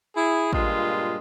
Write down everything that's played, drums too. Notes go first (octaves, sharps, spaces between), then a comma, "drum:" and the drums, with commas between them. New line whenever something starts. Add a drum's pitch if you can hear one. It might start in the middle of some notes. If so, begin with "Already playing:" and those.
E4 G#4
G2 A#2 G#3 F4, drum: kick A1